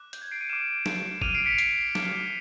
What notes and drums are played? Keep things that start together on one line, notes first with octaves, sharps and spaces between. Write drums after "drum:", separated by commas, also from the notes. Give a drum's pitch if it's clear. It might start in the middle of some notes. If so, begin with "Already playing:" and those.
Already playing: D6 F#6
G6, drum: hi-hat
G#6
C7 D7
C#7 D#7
D6 F6 D7 E7
drum: snare
D6 F6 D#7 F7, drum: kick
C7 D7
B6 C#7
C7, drum: hi-hat
D6 F6, drum: snare